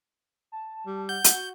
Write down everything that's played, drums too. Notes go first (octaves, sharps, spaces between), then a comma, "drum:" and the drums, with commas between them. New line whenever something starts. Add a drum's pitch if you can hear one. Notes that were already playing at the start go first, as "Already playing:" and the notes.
A5
G3
F#5 G6
drum: hi-hat
F#4